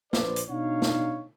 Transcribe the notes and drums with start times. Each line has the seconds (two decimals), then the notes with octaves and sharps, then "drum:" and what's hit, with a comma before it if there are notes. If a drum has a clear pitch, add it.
0.13 A#1 B4 C5 D5, drum: snare
0.36 drum: hi-hat
0.49 B2 D4 D#4 C#5 F5
0.82 drum: snare